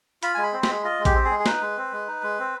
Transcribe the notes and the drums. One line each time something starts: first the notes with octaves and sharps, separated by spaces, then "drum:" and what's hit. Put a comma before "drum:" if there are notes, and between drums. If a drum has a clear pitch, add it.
F4 B5, drum: hi-hat
G#3 G#5
B5
C4
B5, drum: snare
G#3
F4 D#5
G#3
G4, drum: kick A#1, hi-hat
C4
G#4
G#3
G#4
D#4 B4, drum: snare
G#3
C4
G#3
D#4
G#3
C4